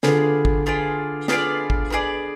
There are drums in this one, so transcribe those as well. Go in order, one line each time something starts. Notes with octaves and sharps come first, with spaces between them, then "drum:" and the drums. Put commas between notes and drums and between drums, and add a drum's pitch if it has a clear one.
D3 B3 F4 G#4 D5, drum: snare
drum: kick
B3 F4 G#4 D5
B3 F4 G#4 D5, drum: snare
drum: kick
B3 F4 G#4 D5